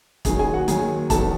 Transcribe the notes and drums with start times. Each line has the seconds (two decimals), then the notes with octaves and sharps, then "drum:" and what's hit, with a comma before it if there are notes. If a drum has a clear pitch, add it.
0.25 D#2 D#3 F#3 G#4 G#5, drum: kick, hi-hat
0.39 G#4 G#5
0.53 F#4 F#5
0.68 D#2 D#3 F#3 G#4 G#5, drum: hi-hat
1.10 E2 D#3 F#3 A4 A5, drum: kick, hi-hat